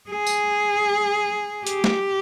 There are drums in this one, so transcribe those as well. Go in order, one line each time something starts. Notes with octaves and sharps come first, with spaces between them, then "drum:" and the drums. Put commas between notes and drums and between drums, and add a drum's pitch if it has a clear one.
G#4
drum: tambourine
G4, drum: hi-hat
drum: snare